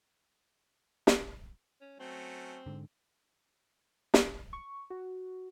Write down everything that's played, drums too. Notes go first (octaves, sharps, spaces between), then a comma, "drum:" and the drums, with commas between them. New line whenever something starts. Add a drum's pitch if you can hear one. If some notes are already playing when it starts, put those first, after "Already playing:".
drum: snare
C#4
F#3 A3 C4 C#4
G#2 D3
drum: snare
C#6
F#4